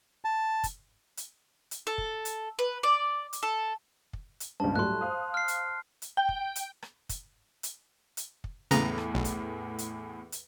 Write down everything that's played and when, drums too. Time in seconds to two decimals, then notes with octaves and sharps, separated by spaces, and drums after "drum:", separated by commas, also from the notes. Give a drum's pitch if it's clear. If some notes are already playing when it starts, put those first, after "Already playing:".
0.25 A5
0.64 drum: kick, hi-hat
1.17 drum: hi-hat
1.71 drum: hi-hat
1.87 A4
1.98 drum: kick
2.25 drum: hi-hat
2.59 B4
2.83 D5
3.33 drum: hi-hat
3.43 A4
4.13 drum: kick
4.40 drum: hi-hat
4.60 C#2 G2 A5
4.76 A2 F#3 G3 C6 F#6
5.01 C5 F5 D#6
5.34 F6 C7
5.48 drum: hi-hat
6.02 drum: hi-hat
6.17 G5
6.29 drum: kick
6.56 drum: hi-hat
6.82 drum: rim click
7.09 drum: kick, hi-hat
7.63 drum: hi-hat
8.17 drum: hi-hat
8.44 drum: kick
8.71 E2 A2 C#3 B3 A#5, drum: hi-hat
8.98 drum: rim click
9.15 B1
9.25 drum: kick, hi-hat
9.78 drum: hi-hat
10.32 drum: hi-hat